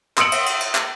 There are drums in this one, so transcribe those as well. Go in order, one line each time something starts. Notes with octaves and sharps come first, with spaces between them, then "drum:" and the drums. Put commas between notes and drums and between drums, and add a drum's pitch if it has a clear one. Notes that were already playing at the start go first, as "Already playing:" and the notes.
C6 D#6 E6 C#7 D7 F#7, drum: clap
drum: cymbal
drum: cymbal
drum: cymbal
drum: clap